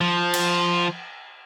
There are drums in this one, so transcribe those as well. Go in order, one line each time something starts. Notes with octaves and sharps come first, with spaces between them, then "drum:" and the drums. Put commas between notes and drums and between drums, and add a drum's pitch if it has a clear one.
F3
drum: cymbal